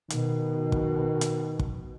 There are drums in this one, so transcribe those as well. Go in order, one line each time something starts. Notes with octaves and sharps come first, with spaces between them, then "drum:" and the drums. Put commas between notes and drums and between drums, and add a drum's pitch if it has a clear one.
B2 D#3, drum: hi-hat
drum: kick
drum: hi-hat
drum: kick